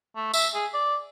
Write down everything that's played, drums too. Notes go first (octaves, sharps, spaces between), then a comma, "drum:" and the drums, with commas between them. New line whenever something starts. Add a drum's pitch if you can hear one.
A3
E5, drum: tambourine
G#4
D5